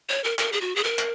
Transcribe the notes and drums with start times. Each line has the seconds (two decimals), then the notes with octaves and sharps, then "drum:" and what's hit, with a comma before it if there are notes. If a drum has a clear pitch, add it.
0.09 C#5
0.24 A#4
0.39 A#4, drum: clap
0.52 G#4
0.61 F#4
0.76 G#4
0.84 A#4
0.99 drum: clap